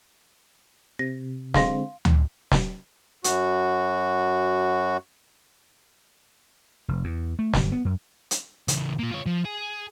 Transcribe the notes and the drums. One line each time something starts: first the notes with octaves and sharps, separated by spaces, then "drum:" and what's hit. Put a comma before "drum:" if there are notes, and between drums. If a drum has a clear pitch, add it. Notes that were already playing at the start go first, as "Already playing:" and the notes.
C3 A#6
D3 G#3 C4 F5 C6 A#6, drum: snare
drum: tom D2
drum: snare
F#2 F#4, drum: hi-hat
F1
E2
A3
G1, drum: snare
B3
F#2
drum: hi-hat
C#3 E3, drum: hi-hat
A#3 F4
F4 C#5
F3
G#4